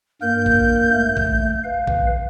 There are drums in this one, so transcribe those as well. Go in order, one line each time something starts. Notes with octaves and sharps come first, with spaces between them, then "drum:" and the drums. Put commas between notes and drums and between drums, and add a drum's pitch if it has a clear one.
G2 A#3 A#4 G6
drum: kick
A3
drum: kick
B4 F5
drum: kick